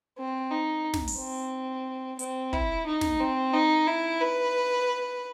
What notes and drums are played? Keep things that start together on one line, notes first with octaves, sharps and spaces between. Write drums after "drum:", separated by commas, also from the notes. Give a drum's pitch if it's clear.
C4
D#4
drum: snare
drum: open hi-hat
C4
C4, drum: hi-hat
E4, drum: kick
D#4
drum: snare
C4
D#4
E4
B4